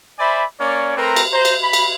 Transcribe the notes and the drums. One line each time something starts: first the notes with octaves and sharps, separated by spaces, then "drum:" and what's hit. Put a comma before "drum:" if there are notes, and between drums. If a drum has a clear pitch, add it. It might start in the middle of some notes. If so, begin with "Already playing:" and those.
C5 D5 E5 G#5 B5
A#3 C#4 C#5 D5
A3 C4 A#4 B4 A#5 C6
drum: cymbal
C5 A#5
drum: cymbal
B5
drum: cymbal